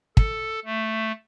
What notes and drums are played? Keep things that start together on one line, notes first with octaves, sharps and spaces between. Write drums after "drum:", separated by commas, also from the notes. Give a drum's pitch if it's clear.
A4, drum: kick
A3